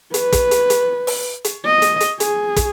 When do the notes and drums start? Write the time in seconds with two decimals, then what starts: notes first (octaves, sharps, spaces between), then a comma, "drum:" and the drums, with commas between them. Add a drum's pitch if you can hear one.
0.14 B4, drum: hi-hat
0.32 drum: kick, hi-hat
0.51 drum: hi-hat
0.70 drum: hi-hat
1.07 drum: open hi-hat
1.44 drum: hi-hat
1.66 D#5
1.82 drum: hi-hat
2.00 drum: hi-hat
2.20 G#4, drum: hi-hat
2.56 drum: kick, hi-hat